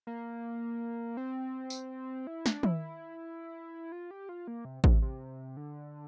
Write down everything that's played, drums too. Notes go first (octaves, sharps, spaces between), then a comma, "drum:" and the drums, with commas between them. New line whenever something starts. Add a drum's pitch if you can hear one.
A#3
C4
drum: tambourine
E4
D4, drum: snare
E4, drum: tom
F4
G4
F4
A#3
C3
C3, drum: kick A1
C3
D3